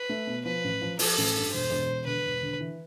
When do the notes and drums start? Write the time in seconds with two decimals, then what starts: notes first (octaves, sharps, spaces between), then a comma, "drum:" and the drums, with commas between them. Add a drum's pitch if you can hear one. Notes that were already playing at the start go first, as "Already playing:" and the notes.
Already playing: B4
0.09 A3
0.27 B2
0.45 F3 B4
0.64 A1
0.81 F3
0.99 F3 A4, drum: open hi-hat
1.18 A1
1.35 G2
1.53 E1 C5
1.71 E1
1.89 E1
2.07 D3 B4
2.25 E1
2.43 D3
2.60 E3